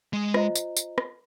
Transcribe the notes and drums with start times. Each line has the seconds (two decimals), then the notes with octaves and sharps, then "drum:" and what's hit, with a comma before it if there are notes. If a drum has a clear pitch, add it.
0.13 G#3
0.34 F4 C5 D#5 A#5, drum: rim click
0.55 drum: tambourine
0.77 drum: tambourine
0.98 drum: rim click